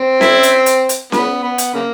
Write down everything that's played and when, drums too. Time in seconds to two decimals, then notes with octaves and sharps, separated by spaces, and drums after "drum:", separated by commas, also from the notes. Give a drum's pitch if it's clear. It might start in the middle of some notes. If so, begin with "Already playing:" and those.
Already playing: C4
0.21 E4, drum: snare C#4
0.43 drum: hi-hat
0.66 drum: hi-hat
0.89 drum: hi-hat
1.12 B3, drum: snare C#4
1.43 B3
1.58 drum: hi-hat
1.74 C#3 A#3